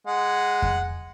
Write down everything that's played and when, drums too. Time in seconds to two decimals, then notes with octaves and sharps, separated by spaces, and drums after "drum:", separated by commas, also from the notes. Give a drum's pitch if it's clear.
0.07 G#3 F#5
0.62 drum: kick F2